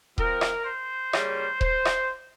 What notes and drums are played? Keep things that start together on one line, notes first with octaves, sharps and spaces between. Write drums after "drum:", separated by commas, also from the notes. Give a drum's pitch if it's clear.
F3 C4 A#4, drum: kick D#1
drum: rim click
C5
C#3 G3 A#3, drum: rim click
C5, drum: kick D#1
drum: rim click